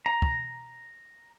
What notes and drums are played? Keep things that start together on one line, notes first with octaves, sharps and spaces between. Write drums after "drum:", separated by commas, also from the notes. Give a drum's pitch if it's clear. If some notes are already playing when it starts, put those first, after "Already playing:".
A#5
drum: kick